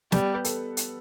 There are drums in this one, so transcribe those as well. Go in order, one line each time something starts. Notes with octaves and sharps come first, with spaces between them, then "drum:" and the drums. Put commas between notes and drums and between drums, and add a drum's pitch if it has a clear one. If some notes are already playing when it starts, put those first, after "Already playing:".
G3 B3, drum: snare
B4
A4, drum: hi-hat
drum: hi-hat